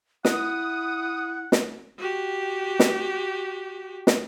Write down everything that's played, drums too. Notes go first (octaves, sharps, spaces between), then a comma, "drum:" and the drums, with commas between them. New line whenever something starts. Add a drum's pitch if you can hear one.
E4 F#5 D#6, drum: snare
drum: snare
F#4 G4
drum: snare
drum: snare